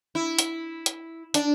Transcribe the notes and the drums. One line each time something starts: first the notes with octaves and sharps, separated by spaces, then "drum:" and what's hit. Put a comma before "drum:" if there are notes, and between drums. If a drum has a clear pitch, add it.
E4
drum: hi-hat
drum: hi-hat
D4, drum: hi-hat